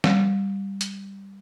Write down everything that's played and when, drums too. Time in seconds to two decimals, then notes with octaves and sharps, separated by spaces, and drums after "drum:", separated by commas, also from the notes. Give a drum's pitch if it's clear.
0.04 G3, drum: snare
0.81 drum: hi-hat